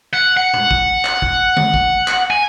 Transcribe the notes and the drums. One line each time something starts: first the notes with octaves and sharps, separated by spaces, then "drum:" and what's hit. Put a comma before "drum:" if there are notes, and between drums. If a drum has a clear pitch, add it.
F#5
F#5
drum: tom
drum: kick
drum: clap
drum: kick
drum: tom
drum: kick
drum: clap
G#5